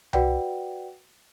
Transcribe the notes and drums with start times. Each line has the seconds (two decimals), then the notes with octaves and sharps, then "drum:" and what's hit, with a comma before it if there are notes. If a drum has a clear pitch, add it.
0.13 F#4 B4 D5 F#5 G5, drum: tom C2